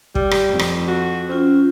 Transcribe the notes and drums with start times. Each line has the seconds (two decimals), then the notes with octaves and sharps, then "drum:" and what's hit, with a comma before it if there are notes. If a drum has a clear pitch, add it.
0.15 G3, drum: kick
0.31 drum: rim click
0.50 F2
0.59 drum: rim click
0.88 F#4
1.29 C4 C#4 F4